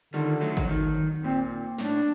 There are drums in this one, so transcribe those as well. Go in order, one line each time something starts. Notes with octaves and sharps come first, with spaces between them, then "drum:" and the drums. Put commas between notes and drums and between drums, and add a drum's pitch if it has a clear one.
D3 D#3 G3
F#3 A3
F#3, drum: kick G#1
D#3
A#2 C4
A2 D4, drum: snare